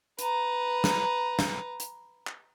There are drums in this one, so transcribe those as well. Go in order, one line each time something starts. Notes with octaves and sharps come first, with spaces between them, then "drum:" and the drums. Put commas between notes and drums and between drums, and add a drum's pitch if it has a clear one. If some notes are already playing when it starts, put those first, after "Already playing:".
B4 A#5, drum: hi-hat
drum: snare
drum: snare
drum: hi-hat
drum: clap